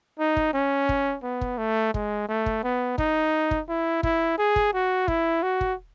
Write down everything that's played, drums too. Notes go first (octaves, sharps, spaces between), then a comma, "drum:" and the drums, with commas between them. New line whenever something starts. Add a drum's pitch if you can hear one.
D#4
drum: kick
C#4
drum: kick
B3
drum: kick
A3
G#3, drum: kick
A3
drum: kick
B3
D#4, drum: kick
drum: kick
E4
E4, drum: kick
G#4
drum: kick
F#4
E4, drum: kick
F#4
drum: kick